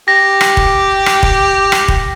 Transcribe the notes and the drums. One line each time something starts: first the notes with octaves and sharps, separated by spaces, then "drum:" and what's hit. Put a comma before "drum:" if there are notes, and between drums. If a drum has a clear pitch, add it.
G4 A#6
drum: rim click
drum: kick
drum: rim click
drum: kick
drum: rim click
drum: kick